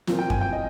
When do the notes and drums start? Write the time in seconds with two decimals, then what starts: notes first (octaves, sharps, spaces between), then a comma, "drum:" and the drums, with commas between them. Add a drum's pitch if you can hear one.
0.07 A#2 F3 C4 F4, drum: snare
0.19 G5
0.30 G#5, drum: kick F#2
0.41 G5
0.53 D#5